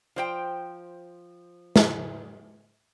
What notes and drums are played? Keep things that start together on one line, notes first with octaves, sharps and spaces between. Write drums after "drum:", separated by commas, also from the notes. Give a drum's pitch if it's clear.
F3 C5 G5
drum: snare